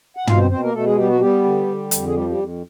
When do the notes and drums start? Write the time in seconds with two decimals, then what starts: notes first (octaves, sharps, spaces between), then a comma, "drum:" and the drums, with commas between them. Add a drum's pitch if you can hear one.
0.17 F#5
0.27 B2 F4 F5, drum: tom
0.39 C4 C5
0.50 B2 C4 C5
0.63 A#3 A#4
0.74 B2 A3 A4
0.86 G#3 G#4
0.97 G3 B3 G4
1.09 F#3 F#4
1.20 G3 B3 G4
1.44 D3
1.67 D3
1.91 F2, drum: hi-hat
2.07 G#4
2.14 F3 G3 G4
2.30 G3 G4
2.37 F2